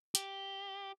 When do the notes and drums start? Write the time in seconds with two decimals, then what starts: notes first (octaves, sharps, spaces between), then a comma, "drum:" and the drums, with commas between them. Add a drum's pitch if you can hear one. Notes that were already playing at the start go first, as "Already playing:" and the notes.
0.15 G4, drum: hi-hat